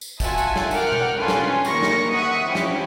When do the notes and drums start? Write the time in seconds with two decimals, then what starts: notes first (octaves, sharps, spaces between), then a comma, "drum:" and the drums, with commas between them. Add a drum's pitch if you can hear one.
0.01 drum: tambourine
0.20 F4 F#4 E5 G#5 A5, drum: kick, tambourine
0.38 drum: tambourine
0.56 drum: snare
0.71 A#4 F#5 G5 D6 F6, drum: tambourine
0.92 drum: tom B2
1.18 C#4 F4 A4 B4 G#5 C6
1.28 drum: snare
1.65 D#3 A#3 A#4 C#6 A#6, drum: tambourine
1.83 drum: snare
2.13 E5 F#5 C#6 D#6
2.46 F3 C#4 E4 G4
2.55 drum: snare